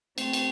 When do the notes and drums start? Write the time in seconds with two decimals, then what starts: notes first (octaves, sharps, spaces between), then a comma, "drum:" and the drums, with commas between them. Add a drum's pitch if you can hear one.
0.18 A3 C4, drum: cymbal
0.33 drum: cymbal